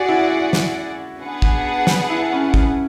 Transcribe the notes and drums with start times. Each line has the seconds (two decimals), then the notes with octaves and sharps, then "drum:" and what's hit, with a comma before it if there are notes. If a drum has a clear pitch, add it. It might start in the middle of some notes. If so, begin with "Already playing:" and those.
Already playing: F#4 G#4 D5 F#5
0.08 E4
0.53 drum: snare
1.19 B3 D4 G#4 B4 F#5
1.42 drum: kick
1.87 drum: snare
2.09 E4
2.32 C#4
2.54 C#4, drum: kick